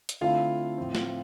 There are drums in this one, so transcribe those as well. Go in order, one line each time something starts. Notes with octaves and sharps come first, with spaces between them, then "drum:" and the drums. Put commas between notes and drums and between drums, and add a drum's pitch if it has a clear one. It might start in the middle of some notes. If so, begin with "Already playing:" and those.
drum: hi-hat
D3 A3 C4 E4 F4 F5
A2 F3 C4
drum: snare